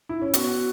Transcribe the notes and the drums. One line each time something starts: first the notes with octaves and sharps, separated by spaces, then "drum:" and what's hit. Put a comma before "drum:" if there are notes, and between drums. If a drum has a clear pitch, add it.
E4
C#4
B3 F#4, drum: hi-hat